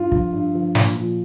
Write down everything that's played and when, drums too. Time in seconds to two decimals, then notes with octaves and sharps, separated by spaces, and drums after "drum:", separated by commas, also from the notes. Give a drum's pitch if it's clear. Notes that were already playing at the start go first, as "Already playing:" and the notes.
Already playing: G2 F4
0.12 F3, drum: kick
0.33 G2
0.55 F3
0.75 A#2, drum: snare
0.96 F3